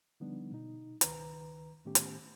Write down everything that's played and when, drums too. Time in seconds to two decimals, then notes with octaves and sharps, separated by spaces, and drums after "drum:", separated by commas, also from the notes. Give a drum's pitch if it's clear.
0.20 D3 F3 G3 B3 D4 D#4
0.52 B2 D#4
1.01 C#2 D#3 B4 A#5, drum: hi-hat
1.85 A2 D#3 A3 B3 C#4 G4
1.95 drum: hi-hat